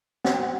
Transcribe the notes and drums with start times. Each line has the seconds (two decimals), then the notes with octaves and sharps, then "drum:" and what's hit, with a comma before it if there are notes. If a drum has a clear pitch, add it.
0.24 F#5, drum: snare
0.33 G5
0.43 F#5